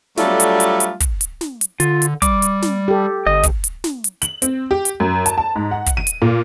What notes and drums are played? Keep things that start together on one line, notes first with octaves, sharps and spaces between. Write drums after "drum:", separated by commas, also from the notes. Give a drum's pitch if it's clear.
F#3 G3 A3 D4 F4 A4, drum: snare
drum: hi-hat
drum: hi-hat
drum: hi-hat
drum: kick, hi-hat
drum: hi-hat
drum: snare
drum: hi-hat
D3 F4, drum: hi-hat
drum: hi-hat
G3 D6, drum: kick, hi-hat
drum: hi-hat
drum: snare
G4 A4
G1 D#5
drum: kick, hi-hat
drum: hi-hat
drum: snare
drum: hi-hat
F#7, drum: hi-hat
C4, drum: hi-hat
G4
drum: hi-hat
F#2
A5, drum: hi-hat
A5
G#2
F#5
drum: kick, hi-hat
D#7
drum: hi-hat
A#2